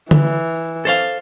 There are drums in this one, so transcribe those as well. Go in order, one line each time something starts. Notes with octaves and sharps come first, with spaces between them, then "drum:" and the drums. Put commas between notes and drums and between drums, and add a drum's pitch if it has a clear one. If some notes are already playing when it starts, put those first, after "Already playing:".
E3, drum: tom D3
A4 C5 F5